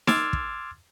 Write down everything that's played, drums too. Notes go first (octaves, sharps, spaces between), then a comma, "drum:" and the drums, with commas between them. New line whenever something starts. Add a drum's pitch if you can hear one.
C6 D6 E6 F6 G#6 A6, drum: snare D#4
drum: kick